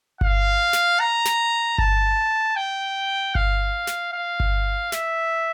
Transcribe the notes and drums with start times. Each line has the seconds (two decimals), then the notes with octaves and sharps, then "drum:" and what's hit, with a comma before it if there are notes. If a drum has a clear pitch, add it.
0.21 F5, drum: kick G1
0.73 drum: snare
1.00 A#5
1.26 drum: snare
1.78 A5, drum: kick G1
2.56 G5
3.35 F5, drum: kick G1
3.87 drum: snare
4.13 F5
4.40 drum: kick G1
4.92 E5, drum: snare